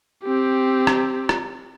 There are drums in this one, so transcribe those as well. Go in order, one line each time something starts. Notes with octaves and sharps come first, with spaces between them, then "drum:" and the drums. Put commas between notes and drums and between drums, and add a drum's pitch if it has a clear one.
C4 G4
drum: rim click
drum: rim click